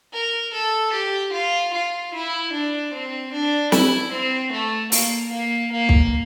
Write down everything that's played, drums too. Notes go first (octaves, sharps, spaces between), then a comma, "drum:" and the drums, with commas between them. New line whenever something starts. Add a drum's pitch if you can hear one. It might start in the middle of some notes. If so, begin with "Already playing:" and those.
A#4
A4
G4
F4
F4
E4
D4
C4
D4
E4, drum: snare
C4
A3
A#3, drum: open hi-hat
A#3
A#3
drum: kick